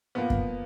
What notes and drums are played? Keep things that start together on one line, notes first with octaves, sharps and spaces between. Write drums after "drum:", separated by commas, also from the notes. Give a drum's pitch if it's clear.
A#2 F3 A#3 B3
drum: kick F#2